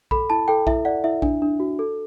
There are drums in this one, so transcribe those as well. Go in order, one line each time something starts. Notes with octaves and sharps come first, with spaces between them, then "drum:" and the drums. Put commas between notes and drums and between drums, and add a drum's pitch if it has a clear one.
A4 B5, drum: kick A#1
E4 A5
A4 G5
E4 E5, drum: kick A#1
D5 F#5
E4 E5
D4, drum: kick A#1
D4
F#4
A4